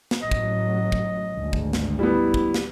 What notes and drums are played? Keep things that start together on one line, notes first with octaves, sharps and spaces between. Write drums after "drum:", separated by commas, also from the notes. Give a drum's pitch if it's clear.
drum: snare
A1 F#3 D#5
drum: kick
drum: kick
G#1 D2 G#3
drum: kick
drum: snare
G3 B3 E4
drum: kick
drum: snare